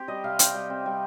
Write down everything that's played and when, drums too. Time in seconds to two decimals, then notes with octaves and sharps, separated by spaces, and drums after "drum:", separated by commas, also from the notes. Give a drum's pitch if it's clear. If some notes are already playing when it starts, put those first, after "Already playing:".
Already playing: C4 G4 C5
0.08 G3 D#5
0.24 C3 F5
0.39 C4 G5, drum: hi-hat
0.55 G3
0.70 C4
0.86 G3